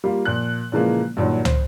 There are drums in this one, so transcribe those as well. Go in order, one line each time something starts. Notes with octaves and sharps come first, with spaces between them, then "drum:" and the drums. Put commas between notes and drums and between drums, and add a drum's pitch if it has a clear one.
G3 A#3 F4
A#2 F3 F#6
A#2 C#3 E3 F3 G#3 A#3
G2 A#2 D#3 F#3
C5, drum: tom